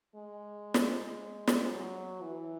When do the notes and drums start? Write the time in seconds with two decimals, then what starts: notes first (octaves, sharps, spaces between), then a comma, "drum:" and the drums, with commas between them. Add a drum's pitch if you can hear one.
0.15 G#3
0.74 drum: snare
1.47 drum: snare
1.70 F#3
2.22 E3